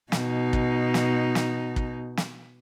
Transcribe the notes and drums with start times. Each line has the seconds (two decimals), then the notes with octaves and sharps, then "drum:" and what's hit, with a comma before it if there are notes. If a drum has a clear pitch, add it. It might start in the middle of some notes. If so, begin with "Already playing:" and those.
0.12 B2 D#4, drum: snare
0.53 drum: kick
0.94 drum: snare
1.35 drum: snare
1.76 drum: kick
2.17 drum: snare